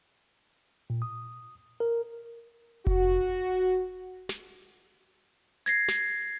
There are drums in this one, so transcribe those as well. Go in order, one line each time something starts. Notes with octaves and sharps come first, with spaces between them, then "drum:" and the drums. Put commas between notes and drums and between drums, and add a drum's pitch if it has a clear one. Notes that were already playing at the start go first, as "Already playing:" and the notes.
A#2
D#6
A#4
F#4, drum: kick F1
drum: snare
G#6 A#6 C7, drum: hi-hat
drum: snare